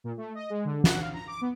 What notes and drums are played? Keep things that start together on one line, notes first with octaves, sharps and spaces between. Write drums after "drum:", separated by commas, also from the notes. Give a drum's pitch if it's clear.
A#2
A3
D#5
G#3
D3
F#5, drum: snare
F5
A#5
D6
B3